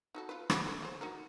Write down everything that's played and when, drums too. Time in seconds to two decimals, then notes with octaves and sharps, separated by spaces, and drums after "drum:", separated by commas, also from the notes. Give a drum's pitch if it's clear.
0.15 D#4 F#4 A4
0.29 F4 B4
0.50 F#4 E5, drum: rim click
0.67 D3
0.82 C#3 C5
1.01 D#4 F#4 A#4